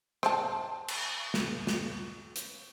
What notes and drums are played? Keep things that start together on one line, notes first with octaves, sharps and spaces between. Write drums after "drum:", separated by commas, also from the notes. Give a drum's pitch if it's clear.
C5 A5, drum: rim click
drum: cymbal
drum: snare
drum: snare
drum: hi-hat